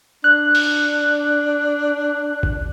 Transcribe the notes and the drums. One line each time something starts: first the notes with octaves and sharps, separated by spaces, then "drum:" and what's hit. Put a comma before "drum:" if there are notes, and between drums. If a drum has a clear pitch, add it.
D4 F#6
drum: open hi-hat
drum: kick